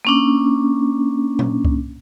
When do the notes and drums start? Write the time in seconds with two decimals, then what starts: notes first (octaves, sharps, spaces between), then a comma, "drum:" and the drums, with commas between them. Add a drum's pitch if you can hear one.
0.05 A#3 C#4 D4
1.39 drum: tom A#2
1.65 drum: kick C2